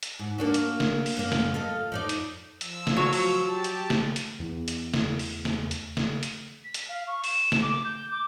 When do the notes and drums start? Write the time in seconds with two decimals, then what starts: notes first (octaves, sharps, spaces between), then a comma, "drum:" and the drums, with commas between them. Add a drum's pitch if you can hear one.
0.03 drum: hi-hat
0.19 G#2
0.38 A#3 D4 F#4
0.54 drum: hi-hat
0.80 drum: snare
1.06 drum: open hi-hat
1.17 F#2 A#3
1.32 drum: snare
1.54 F4 A4 D#5
1.92 F2 D#4 D5
2.09 drum: hi-hat
2.61 F3 E6, drum: hi-hat
2.87 drum: snare
2.97 F#3
3.13 drum: open hi-hat
3.46 G4 A5
3.64 drum: hi-hat
3.90 drum: snare
4.16 drum: hi-hat
4.39 E2
4.68 drum: hi-hat
4.94 drum: snare
5.19 drum: open hi-hat
5.45 drum: snare
5.71 drum: hi-hat
5.97 drum: snare
6.23 drum: hi-hat
6.64 B6
6.74 drum: hi-hat
6.89 F5
7.07 C#6
7.24 E7, drum: open hi-hat
7.52 drum: snare
7.62 D6
7.85 G6
8.11 D6